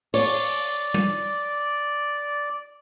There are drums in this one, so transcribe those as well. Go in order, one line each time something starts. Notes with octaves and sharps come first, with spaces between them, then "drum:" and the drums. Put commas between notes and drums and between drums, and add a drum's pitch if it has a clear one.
C#5 D5, drum: open hi-hat
drum: tom G3